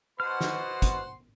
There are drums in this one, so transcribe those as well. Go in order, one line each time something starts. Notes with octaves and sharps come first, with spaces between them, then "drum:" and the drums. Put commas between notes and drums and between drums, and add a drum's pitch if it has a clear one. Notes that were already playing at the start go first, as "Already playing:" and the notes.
B2 C5 F#5 C6 F6
drum: snare
drum: kick, hi-hat